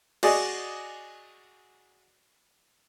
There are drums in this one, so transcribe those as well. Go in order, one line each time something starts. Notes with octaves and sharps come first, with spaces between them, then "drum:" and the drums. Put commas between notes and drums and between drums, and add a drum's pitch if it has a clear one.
F#4 G#4 D5 D#5, drum: cymbal